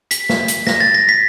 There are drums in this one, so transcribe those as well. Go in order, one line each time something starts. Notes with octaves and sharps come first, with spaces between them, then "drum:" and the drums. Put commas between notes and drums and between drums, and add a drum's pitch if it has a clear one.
B6, drum: hi-hat
drum: snare
drum: hi-hat
A#6, drum: snare
A6
A#6
B6